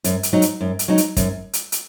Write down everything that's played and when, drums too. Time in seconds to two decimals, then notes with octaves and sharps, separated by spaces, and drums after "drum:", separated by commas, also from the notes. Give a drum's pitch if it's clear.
0.04 F#2, drum: hi-hat
0.23 drum: hi-hat
0.33 F#3 D#4
0.42 drum: hi-hat
0.61 F#2
0.79 drum: hi-hat
0.88 F#3 D#4
0.98 drum: hi-hat
1.17 F#2, drum: kick, hi-hat
1.53 drum: hi-hat
1.72 drum: hi-hat